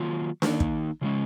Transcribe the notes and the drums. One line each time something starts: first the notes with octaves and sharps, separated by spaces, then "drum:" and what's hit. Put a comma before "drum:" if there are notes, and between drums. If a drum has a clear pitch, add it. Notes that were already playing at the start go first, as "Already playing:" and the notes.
Already playing: D#3 F#3 A#3 F4
D#3 A#3 D#4, drum: snare D4
drum: kick
C#3 F3 G#3 C#4